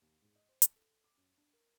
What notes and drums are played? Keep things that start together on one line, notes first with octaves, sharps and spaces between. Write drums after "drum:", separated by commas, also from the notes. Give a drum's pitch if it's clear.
D#2
G#2
D#5
C5
A5, drum: hi-hat
A4
D6
F#2
D4
A#4